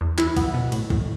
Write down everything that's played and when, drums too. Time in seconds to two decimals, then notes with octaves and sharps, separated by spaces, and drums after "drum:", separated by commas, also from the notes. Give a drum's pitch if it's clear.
0.01 E2
0.18 E4, drum: clap
0.37 B3, drum: kick, cymbal
0.54 B2
0.72 A2, drum: cymbal
0.90 A2, drum: kick